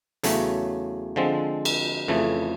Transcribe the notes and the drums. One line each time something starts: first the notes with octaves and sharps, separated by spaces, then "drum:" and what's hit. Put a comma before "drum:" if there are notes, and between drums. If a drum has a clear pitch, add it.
E2 C#3 F#3 A3, drum: hi-hat
D3 F3 G#3 C4
drum: cymbal
F2 C#3 E3 A3